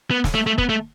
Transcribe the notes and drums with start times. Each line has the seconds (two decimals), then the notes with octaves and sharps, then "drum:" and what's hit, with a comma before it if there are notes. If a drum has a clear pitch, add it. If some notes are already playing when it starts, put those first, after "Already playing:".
0.11 B3
0.24 drum: snare
0.35 A3
0.47 A3
0.58 B3, drum: kick
0.69 A3